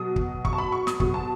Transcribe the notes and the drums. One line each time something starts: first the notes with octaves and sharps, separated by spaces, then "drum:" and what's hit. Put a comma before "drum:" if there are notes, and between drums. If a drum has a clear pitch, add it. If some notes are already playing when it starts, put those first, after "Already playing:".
Already playing: B2 F#3 D#6
drum: kick
C#6, drum: kick
A5
B5
C#6
D#6, drum: snare
B2 F#3 C#6, drum: kick
A5